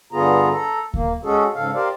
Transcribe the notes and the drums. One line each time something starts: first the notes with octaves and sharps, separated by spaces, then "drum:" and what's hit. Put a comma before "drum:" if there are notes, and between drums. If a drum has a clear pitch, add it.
G2 D3 B3 F4 G#4 A#5
A4 A#5
A#3, drum: kick D2
G#3 C#4 F#4 G#4 A4
G#2 C#3 A4 F5
G4 A#4 C5 D5 F5